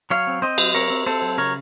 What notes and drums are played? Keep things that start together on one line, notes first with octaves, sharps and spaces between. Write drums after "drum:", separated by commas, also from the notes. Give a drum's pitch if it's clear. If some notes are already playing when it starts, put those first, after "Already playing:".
F#3 C#5 F5
C4
C4 C5 D#5
F#3, drum: cymbal
C4 A#4 C#5
C4
C4 A4 C5
F#3
C#3 A#4 C#5